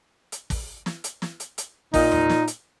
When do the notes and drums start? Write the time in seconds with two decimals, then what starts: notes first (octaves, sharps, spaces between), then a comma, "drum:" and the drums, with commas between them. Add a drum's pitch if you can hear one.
0.32 drum: hi-hat
0.50 drum: kick, open hi-hat
0.86 drum: snare
1.04 drum: hi-hat
1.22 drum: snare
1.40 drum: hi-hat
1.58 drum: hi-hat
1.94 A#2 D#4, drum: kick, open hi-hat
2.12 drum: tom E2
2.30 drum: snare
2.47 drum: hi-hat